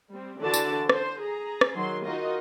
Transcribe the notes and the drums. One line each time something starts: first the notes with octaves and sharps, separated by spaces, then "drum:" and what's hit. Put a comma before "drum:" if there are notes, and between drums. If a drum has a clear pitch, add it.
G3 C4
D3 E3 D4 F#4 D5 A5
drum: tambourine
C5, drum: rim click
G#4 A#5
drum: rim click
D#3 F#3 C6
D#4 F4 F#4 A#4 D#5